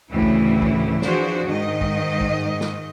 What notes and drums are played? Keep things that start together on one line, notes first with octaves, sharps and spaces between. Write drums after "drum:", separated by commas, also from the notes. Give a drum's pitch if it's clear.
D2 A2 C#3 E3 E4
drum: kick
drum: kick
E3 F3 D4 F#4 G#4 C5, drum: snare
G#2 D#3 D#5
drum: kick
drum: kick
drum: snare